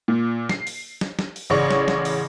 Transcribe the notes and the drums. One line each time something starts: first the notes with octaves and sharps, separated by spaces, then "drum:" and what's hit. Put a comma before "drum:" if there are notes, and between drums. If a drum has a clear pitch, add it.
A#2
C7, drum: snare
drum: open hi-hat
drum: snare
drum: snare
drum: open hi-hat
A1 C#3 C#5 D5 C#6
drum: snare
drum: snare
drum: open hi-hat